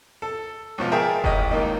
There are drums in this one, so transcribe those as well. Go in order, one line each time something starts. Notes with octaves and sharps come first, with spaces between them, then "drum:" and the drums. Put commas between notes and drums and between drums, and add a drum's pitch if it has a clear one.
A4
C#2 B2 F3
G#4 A#4 E5 G5 A5
A1 D#5 G5, drum: kick F1
C#2 D#3 A#3 D#4